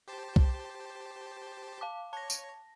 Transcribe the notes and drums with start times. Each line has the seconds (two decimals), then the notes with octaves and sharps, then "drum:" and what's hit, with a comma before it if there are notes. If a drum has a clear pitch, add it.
0.08 G4 C5 A5
0.36 drum: kick
1.81 F5 A5 D6
2.13 C#5 A5 A#6
2.30 drum: tambourine